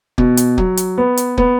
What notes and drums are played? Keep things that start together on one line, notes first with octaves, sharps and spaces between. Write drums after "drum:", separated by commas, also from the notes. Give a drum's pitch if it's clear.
B2, drum: kick
drum: hi-hat
F#3, drum: kick
drum: hi-hat
B3
drum: hi-hat
B3, drum: kick